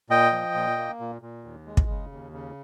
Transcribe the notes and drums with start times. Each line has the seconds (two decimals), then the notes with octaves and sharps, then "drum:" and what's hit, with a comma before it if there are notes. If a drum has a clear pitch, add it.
0.10 A#2 D#5 G5
0.32 F3
0.55 A#2
0.78 A#3
1.00 A#2
1.22 A#2
1.45 D#2
1.66 G#3
1.77 drum: kick
1.89 C#3
2.12 D#2
2.33 C#3